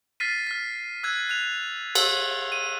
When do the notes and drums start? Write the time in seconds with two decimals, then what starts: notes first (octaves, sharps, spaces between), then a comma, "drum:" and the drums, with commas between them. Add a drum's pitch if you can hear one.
0.20 F6 A6 B6 C7 D#7
0.47 F6 B6
1.03 E6 F#6 G#6
1.29 F#6 F7
1.95 E6 F#6, drum: cymbal
2.52 D#7